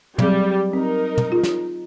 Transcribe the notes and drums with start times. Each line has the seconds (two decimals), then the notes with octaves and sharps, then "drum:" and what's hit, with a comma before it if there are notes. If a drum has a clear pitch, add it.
0.18 F#3 G3 C4 G#4, drum: tom
0.73 C4 D#4 A#4
1.18 drum: tom
1.32 F4 G#4
1.43 drum: snare